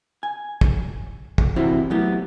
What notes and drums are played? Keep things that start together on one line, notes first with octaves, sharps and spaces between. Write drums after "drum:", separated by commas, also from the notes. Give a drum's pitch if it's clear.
G#5
drum: kick
drum: kick
C3 E3 E4 F#4 C5 B5
F#3 A3 B3 E4 G4